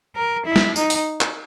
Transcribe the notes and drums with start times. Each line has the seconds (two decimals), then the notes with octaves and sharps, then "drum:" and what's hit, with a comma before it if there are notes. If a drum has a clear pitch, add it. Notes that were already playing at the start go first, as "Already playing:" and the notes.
0.15 A#4
0.46 E4
0.56 drum: snare
0.76 D#4, drum: tambourine
0.90 drum: open hi-hat
1.21 drum: clap